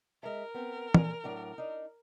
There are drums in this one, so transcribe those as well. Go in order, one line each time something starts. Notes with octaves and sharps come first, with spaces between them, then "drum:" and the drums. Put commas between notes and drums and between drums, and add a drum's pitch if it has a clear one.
G#3 A#4 E5
B3 C4
A#2 A4 G#5, drum: tom
A2 F#3 D4
D4 D#4